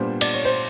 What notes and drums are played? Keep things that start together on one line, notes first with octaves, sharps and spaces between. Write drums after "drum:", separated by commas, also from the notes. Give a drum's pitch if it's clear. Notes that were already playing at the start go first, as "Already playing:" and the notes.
Already playing: A#2 G3 B3 D4 C5
D5, drum: cymbal
C#5
C5